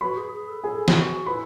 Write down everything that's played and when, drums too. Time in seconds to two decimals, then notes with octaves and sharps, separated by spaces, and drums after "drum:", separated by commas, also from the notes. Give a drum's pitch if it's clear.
0.01 F#4 B4 B5
0.17 G#4
0.33 G#4
0.48 A4
0.64 G#4 A4 G#5
0.88 G#4, drum: snare
0.95 F#4
1.26 E4 F#4 B4 B5